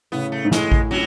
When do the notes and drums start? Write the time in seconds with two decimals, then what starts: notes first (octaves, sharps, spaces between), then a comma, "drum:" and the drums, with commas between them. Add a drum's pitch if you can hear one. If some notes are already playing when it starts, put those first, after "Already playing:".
0.12 A2 C#3 B3
0.32 A3
0.45 G#2
0.51 A2 G#3, drum: snare
0.72 drum: kick A1
0.91 F#3, drum: cymbal